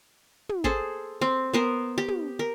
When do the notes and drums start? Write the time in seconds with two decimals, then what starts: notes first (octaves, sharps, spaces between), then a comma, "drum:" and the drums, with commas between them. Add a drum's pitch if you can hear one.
0.49 drum: tom
0.64 G#4 A4 C5, drum: kick
1.21 C4
1.53 B3 A#4 C5
1.98 G4
2.08 drum: tom
2.39 A#4